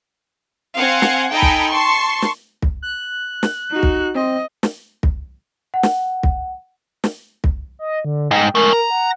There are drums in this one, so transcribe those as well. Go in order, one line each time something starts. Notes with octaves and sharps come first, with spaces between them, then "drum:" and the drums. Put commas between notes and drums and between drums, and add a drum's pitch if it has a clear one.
C4 F5 F#5 G#5 G#6
drum: snare
D#4 A4 G5 G#5 A#5 B5
drum: kick
A5 C6 C#6
drum: snare
drum: kick
F#6
drum: snare
D#4 F#4
drum: kick
C4 D#5
drum: snare
drum: kick
F#5
drum: snare
drum: kick
drum: snare
drum: kick
D#5
D3
G#2 D#4 G5
G#3 A3 A#4
A#5
F#5